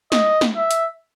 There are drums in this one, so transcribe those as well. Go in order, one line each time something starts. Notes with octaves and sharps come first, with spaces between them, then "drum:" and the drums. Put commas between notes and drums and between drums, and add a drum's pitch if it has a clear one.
D#5, drum: snare
drum: snare
E5
drum: hi-hat